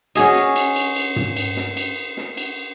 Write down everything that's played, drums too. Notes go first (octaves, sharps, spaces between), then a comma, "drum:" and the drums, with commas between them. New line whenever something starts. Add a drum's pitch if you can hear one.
C#4 F#4 G#4 D#5, drum: cymbal
drum: snare
drum: cymbal
drum: cymbal
drum: cymbal
drum: tom
drum: cymbal
drum: snare
drum: cymbal
drum: snare
drum: cymbal